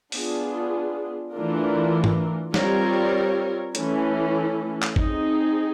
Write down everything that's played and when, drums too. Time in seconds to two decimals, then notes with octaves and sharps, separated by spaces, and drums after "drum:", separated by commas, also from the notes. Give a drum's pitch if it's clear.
0.12 B3 D4 F4 G#4, drum: open hi-hat
1.33 E3 A3 D4 F4 A#4
2.04 drum: tom G#2
2.54 G3 C4 F4 A#4 C#5, drum: snare
3.75 E3 A3 C#4, drum: hi-hat
4.82 drum: clap
4.96 C4 D#4 G#4, drum: kick